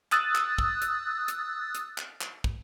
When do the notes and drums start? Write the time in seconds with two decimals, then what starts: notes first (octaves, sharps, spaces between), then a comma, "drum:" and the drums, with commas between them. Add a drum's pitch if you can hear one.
0.12 D#6 E6 F#6 A6, drum: clap
0.35 drum: clap
0.58 drum: kick
0.82 drum: hi-hat
1.28 drum: hi-hat
1.75 drum: hi-hat
1.98 drum: clap
2.21 drum: clap
2.44 drum: kick